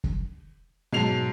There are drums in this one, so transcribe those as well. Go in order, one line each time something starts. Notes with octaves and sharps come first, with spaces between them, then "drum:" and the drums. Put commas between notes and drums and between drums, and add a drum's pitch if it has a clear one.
drum: kick
G#2 B2 F#3 A5 C7 F7